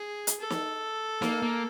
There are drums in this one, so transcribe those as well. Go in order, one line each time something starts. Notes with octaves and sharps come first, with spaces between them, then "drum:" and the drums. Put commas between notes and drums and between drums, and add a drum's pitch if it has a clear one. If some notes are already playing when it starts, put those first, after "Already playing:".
Already playing: G#4
drum: hi-hat
A4
drum: snare
A#3, drum: snare
A#3